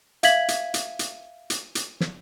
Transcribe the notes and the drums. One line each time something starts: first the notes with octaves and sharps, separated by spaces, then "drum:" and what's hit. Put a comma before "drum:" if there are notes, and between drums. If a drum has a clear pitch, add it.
E5 F5 G#6 B6 F#7, drum: hi-hat
drum: hi-hat
drum: hi-hat
drum: hi-hat
drum: hi-hat
drum: hi-hat
drum: snare